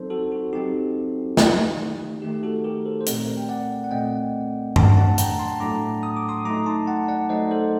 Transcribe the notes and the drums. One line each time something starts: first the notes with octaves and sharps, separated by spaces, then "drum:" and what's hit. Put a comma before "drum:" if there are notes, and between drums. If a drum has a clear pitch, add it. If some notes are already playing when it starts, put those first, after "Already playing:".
Already playing: F#3 C4 D#4 A4 C5
F#4 A4
F#4
F#3 C4 D#4 G4
D#3 A3 D#4, drum: snare
D#3 A3 D#4 G4
G4
F#4 A4
G4 A#4
A4 C5
C5
A#2 A3 C4 A#4 D5, drum: hi-hat
G5
D5 F#5
F#5
A#2 A3 C4 D#5 G5
A2 F#3 A3 D4 F#5 A5, drum: tom G2
F#5 A5
G5 A#5, drum: hi-hat
A5 C6
A2 F#3 A3 D4 A#5 D6
D#6
D6
C6 D#6
F#3 A3 D#4 A#5 D6
A5 C6
F#5 A5
D5 F#5
F#3 A3 D#4 C5 D#5
A4 C5